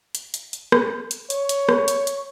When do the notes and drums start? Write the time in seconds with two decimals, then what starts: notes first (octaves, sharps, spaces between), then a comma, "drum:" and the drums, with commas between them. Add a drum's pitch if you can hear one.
0.15 drum: hi-hat
0.34 drum: hi-hat
0.53 drum: hi-hat
0.72 drum: rim click
1.11 drum: hi-hat
1.30 C#5, drum: hi-hat
1.49 drum: hi-hat
1.69 drum: rim click
1.88 drum: hi-hat
2.07 drum: hi-hat